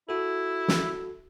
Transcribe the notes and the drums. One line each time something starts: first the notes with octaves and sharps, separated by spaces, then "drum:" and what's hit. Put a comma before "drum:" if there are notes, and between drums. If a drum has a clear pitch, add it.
E4 F#4 A4
drum: snare